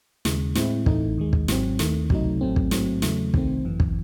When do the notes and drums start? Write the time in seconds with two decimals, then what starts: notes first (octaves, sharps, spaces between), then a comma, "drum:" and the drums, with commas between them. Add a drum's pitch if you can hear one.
0.25 D#2 C#3 G#3, drum: snare
0.55 A2 G#3 C4 E4, drum: snare
0.86 A1 A2 E3 A3 D#4, drum: kick
1.18 D#2 D#3 G#3
1.33 drum: kick
1.48 G#1 G#2 F#3 C4, drum: snare
1.79 D#2 D#3 A3, drum: snare
2.10 C#2 C3 F#3 A3 D#4, drum: kick
2.41 A1 A2 F#3 A3 C4
2.56 drum: kick
2.71 A1 G#2 F#3 A3 C4, drum: snare
3.02 E2 C#3 F#3 A3, drum: snare
3.34 C2 C3 D#3 A3 C4, drum: kick
3.65 G#1 F#2 E3
3.80 drum: kick